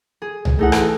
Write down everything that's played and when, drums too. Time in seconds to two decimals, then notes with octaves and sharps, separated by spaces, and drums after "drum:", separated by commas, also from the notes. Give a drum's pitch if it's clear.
0.22 G#4
0.45 drum: tom
0.59 E3 A3 D#4 G#4 F#5
0.72 drum: rim click